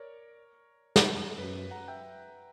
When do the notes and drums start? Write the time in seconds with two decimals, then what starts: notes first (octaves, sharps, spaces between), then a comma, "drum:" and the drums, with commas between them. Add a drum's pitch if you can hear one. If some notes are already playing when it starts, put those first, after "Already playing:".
Already playing: A#4 C#5 D5
0.96 drum: snare
1.38 F#2 B4
1.71 F#5 A#5
1.88 E5 G5